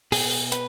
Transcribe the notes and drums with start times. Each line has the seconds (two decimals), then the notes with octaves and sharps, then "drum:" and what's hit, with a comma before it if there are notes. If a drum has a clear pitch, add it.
0.12 B2 G#4, drum: open hi-hat
0.52 B4, drum: hi-hat